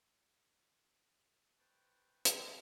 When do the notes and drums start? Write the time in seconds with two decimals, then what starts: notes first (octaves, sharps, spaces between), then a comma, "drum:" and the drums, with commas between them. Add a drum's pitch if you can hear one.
1.59 B4 C5 G5 A5 C#6
2.25 drum: hi-hat